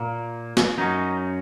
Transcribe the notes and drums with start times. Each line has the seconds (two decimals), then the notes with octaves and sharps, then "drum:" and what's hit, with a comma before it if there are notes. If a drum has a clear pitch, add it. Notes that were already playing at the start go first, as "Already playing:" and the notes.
Already playing: A#2 A#3
0.57 drum: snare
0.78 F#2 F#3 C#4 D#4